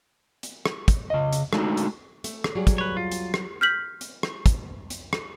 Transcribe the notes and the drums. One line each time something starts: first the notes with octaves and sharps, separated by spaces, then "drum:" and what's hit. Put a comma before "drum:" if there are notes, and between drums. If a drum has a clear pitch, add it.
drum: hi-hat
drum: rim click
drum: kick, hi-hat
C#3 D#5
drum: hi-hat
G#3 A3 D4 D#4 F#4, drum: rim click
drum: hi-hat
A3, drum: hi-hat
drum: rim click
F#3 G3 G#4
drum: kick, hi-hat
B4 C#5
F4
drum: hi-hat
drum: rim click
F6 G6 B6 F#7
drum: hi-hat
drum: rim click
drum: kick, hi-hat
drum: hi-hat
drum: rim click